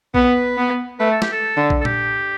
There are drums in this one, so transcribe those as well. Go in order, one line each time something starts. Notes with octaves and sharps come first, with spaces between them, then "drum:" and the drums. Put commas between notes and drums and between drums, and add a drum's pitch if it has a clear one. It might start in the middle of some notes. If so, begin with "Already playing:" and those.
B3 B4, drum: kick A#1
B3
A3 B4
A4
G4, drum: snare
A4
D3
drum: kick A#1
A4
G4, drum: tom A#2